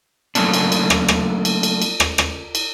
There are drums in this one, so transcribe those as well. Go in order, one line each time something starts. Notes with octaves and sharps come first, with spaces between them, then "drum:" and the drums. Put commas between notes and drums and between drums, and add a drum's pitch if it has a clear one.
F#3 A3 A#3 C#4 D4, drum: cymbal
drum: cymbal
drum: cymbal
drum: rim click
drum: rim click
drum: cymbal
drum: cymbal
drum: cymbal
drum: rim click
drum: rim click
drum: cymbal